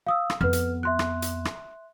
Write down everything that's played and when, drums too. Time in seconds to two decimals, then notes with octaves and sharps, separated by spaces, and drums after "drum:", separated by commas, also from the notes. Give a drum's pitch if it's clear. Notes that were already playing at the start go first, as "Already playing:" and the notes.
0.07 F5 D#6 E6
0.30 drum: rim click
0.41 F2 B3 B4 F6
0.53 drum: hi-hat
0.83 E5 C6 F#6
0.99 drum: rim click
1.22 drum: hi-hat
1.45 drum: rim click